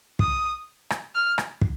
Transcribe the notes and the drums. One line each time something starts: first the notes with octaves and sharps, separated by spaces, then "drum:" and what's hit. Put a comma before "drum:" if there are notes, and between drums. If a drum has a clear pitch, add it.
D#6, drum: kick
drum: rim click
F6
drum: rim click
drum: kick